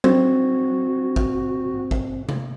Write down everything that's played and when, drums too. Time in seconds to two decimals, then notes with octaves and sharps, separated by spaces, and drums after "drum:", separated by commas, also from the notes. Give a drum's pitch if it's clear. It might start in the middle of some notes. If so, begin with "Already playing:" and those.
0.04 C4 F#4, drum: tom F#3
1.16 drum: kick
1.91 drum: kick
2.29 drum: tom C3